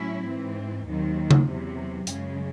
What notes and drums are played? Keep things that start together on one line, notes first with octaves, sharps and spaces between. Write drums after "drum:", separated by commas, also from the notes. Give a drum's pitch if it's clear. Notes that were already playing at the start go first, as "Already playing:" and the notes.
Already playing: A2 F#3 C#4 E4
G#2 E3 C4
D#2 D#3 F#3 C4
drum: tom C#3
E2 C3 F#3
F#2 C#3 G#3, drum: hi-hat